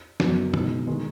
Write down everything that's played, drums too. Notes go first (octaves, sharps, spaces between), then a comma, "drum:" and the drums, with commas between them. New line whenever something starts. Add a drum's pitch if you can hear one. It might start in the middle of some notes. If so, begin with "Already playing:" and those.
F#2 C#3 F#3 B3, drum: snare
B2 G#3 D#4, drum: tom
D#3 G#3 D#4